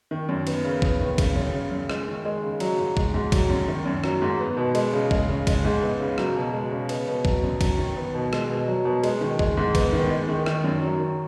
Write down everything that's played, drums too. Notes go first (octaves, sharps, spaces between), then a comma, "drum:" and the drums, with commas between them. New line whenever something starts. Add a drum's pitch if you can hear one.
D#3
F#2
B3, drum: cymbal
C#3
B3, drum: kick
D#3
C#3, drum: kick, cymbal
F#2
C#3
F#2
G#3, drum: rim click
D#3
G#3
C#3
F#3, drum: cymbal
G#2
G#3, drum: kick
G#2
F#3, drum: kick, cymbal
F#2
D#3
F#2
F#3, drum: rim click
G#2
B3
B2
G#3, drum: cymbal
C#3
G#3, drum: kick
C#3
G#3, drum: kick, cymbal
G#2
B3
C#3
F#3, drum: rim click
B2
G#3
C#3
B3, drum: cymbal
B2
F#3, drum: kick
F#2
F#3, drum: kick, cymbal
D#3
B3
B2
G#3, drum: rim click
B2
F#3
B2
G#3, drum: cymbal
D#3
G#3, drum: kick
G#2
B3, drum: kick, cymbal
D#3
G#3
D#3
D#3, drum: rim click
F#2
F#3
D#3